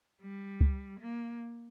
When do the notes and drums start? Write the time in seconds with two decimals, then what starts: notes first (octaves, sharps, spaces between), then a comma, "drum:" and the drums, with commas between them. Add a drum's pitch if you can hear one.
0.22 G3
0.61 drum: kick C#2
1.00 A#3